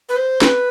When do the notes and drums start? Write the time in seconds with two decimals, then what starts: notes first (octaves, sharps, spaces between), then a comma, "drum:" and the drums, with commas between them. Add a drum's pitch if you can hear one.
0.09 B4
0.16 C5
0.42 B4, drum: snare